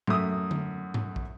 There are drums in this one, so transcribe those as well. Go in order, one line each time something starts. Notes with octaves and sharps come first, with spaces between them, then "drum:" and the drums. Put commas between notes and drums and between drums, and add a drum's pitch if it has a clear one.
F#2 A3 E5 D#6, drum: tom G#2
drum: tom D3
drum: tom G#2
drum: kick